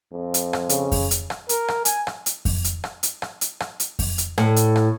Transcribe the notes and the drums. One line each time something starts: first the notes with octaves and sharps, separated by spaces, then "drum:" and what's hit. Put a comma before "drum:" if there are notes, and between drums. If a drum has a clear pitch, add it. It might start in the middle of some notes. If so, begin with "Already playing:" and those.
F2
drum: hi-hat
drum: rim click
C#3, drum: hi-hat
drum: kick F2, open hi-hat
drum: hi-hat
drum: rim click
A#4, drum: hi-hat
drum: rim click
G#5, drum: hi-hat
drum: rim click
drum: hi-hat
drum: kick F2, open hi-hat
drum: hi-hat
drum: rim click
drum: hi-hat
drum: rim click
drum: hi-hat
drum: rim click
drum: hi-hat
drum: kick F2, open hi-hat
drum: hi-hat
A2, drum: rim click
drum: hi-hat
drum: rim click